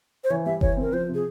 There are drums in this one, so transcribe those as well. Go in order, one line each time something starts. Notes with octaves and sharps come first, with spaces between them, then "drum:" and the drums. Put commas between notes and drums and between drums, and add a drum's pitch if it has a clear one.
C5
E3 C#5
G3 E5
E3 C#5, drum: kick F#1
C4 A#4
F3 C5
C3
G#4